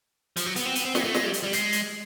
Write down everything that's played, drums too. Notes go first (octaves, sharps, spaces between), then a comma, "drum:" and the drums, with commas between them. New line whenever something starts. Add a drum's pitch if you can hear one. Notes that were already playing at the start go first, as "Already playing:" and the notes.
F3, drum: hi-hat
F#3
B3, drum: hi-hat
C4
B3, drum: hi-hat
C4
B3, drum: snare
A#3
A3
G#3, drum: snare
G3
drum: hi-hat
G3
G#3, drum: hi-hat
drum: hi-hat